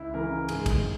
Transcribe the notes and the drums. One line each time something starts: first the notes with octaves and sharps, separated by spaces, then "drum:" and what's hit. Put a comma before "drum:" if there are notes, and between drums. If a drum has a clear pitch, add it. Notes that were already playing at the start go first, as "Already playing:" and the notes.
Already playing: C#2 E4
C#3 E3 A#4
G#2 G#4, drum: cymbal
drum: kick, cymbal